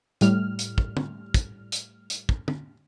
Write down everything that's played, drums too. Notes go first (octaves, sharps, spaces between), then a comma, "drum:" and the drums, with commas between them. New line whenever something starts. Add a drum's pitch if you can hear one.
A2 G3 F6, drum: hi-hat
drum: hi-hat
drum: kick
drum: tom
drum: kick, hi-hat
drum: hi-hat
drum: hi-hat
drum: kick
drum: tom